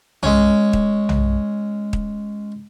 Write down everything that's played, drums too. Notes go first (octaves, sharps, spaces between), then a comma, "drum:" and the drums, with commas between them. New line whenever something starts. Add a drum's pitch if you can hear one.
G#3 C#4, drum: tom
drum: kick
drum: tom
drum: kick